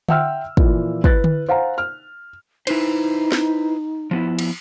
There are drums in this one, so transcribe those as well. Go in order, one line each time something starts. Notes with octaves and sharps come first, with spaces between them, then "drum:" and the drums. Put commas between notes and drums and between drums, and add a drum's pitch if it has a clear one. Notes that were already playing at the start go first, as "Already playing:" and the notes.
E5 F#5 G5 C6 E6 F6, drum: tom D3
A#2 E3 F3, drum: kick
E4 B4 F#6 A6, drum: kick
drum: tom D3
C5 F5 F#5 G#5 A#5
F6
D#4 E4 B4 C5, drum: cymbal
drum: snare
F3 B3 E4
drum: cymbal